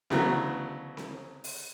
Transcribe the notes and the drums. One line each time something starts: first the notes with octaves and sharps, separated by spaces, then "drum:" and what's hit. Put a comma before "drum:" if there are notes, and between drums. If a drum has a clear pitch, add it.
D2 C#3 E3 F#3 A3 B3, drum: snare C4
drum: snare C4
drum: open hi-hat